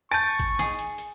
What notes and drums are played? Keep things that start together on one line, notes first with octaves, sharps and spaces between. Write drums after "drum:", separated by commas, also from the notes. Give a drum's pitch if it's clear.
G#5 A5 C#6 G6 A6
drum: kick, hi-hat
G#4, drum: snare
drum: hi-hat
drum: hi-hat